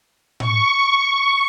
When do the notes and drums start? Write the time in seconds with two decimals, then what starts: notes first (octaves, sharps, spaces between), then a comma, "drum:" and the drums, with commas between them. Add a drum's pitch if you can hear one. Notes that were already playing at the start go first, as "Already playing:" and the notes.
0.40 C#6, drum: tom A2